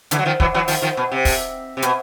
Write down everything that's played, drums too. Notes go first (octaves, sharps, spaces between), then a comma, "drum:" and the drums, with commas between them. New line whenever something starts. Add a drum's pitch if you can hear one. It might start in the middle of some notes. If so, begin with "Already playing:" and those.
D3 E3, drum: hi-hat
F#3
D#3 F3
E3 F#3, drum: kick
E3 F#3
D#3 F3, drum: open hi-hat
D#3 F3
B2
C3
drum: kick, open hi-hat
C3
B2, drum: hi-hat